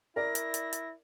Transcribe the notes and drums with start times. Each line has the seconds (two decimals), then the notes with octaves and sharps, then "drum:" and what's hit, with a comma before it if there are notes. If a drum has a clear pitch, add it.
0.16 E4 A#4 D5 A#6
0.35 drum: hi-hat
0.54 drum: hi-hat
0.73 drum: hi-hat